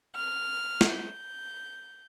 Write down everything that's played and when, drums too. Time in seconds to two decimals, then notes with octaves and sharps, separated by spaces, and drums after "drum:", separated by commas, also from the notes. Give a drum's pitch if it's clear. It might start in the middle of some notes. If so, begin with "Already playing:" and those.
0.14 F6
0.81 drum: snare
0.91 G6